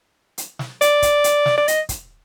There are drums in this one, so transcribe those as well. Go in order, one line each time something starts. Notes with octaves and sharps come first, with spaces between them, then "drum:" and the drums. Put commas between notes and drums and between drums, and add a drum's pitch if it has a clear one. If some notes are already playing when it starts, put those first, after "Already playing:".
drum: hi-hat
drum: snare
D5, drum: hi-hat
drum: kick, hi-hat
drum: hi-hat
drum: snare
D5
D#5, drum: hi-hat
drum: kick, hi-hat